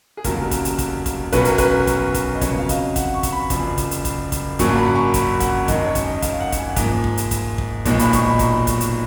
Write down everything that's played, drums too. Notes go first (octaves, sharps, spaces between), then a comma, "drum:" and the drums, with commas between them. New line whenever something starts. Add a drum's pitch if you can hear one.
G#4
F1 D#2 C#3 F#3 A#4, drum: kick, hi-hat
drum: kick, hi-hat
drum: hi-hat
drum: kick, hi-hat
drum: kick, hi-hat
B1 B2 F#3 C#4 B4, drum: kick, hi-hat
A#4, drum: hi-hat
B4, drum: kick, hi-hat
drum: kick, hi-hat
drum: kick, hi-hat
D#5
F2 C#3 F#3 C#5, drum: kick, hi-hat
F5
D#5, drum: kick, hi-hat
F#5, drum: kick, hi-hat
C#6
drum: kick, hi-hat
B5
F#1 F#2 F3, drum: kick, hi-hat
drum: kick, hi-hat
drum: hi-hat
drum: kick, hi-hat
drum: kick, hi-hat
G#1 F#2 C#3 F#3 A#3 C#6, drum: kick, hi-hat
B5
C#6
B5, drum: kick, hi-hat
F#5, drum: kick, hi-hat
G#1 F#2 D#3 G#3 D#4 D#5, drum: kick, hi-hat
C#5
drum: kick, hi-hat
D#5
F5, drum: kick, hi-hat
F#5
F#5, drum: kick, hi-hat
G#5
G#2 F3 A#3, drum: kick, hi-hat
drum: kick
drum: hi-hat
drum: kick, hi-hat
drum: kick
B1 A#2 F3 G#3 D#4, drum: kick, hi-hat
B5, drum: hi-hat
C#6, drum: kick, hi-hat
B5
A#5, drum: kick, hi-hat
drum: kick, hi-hat
drum: hi-hat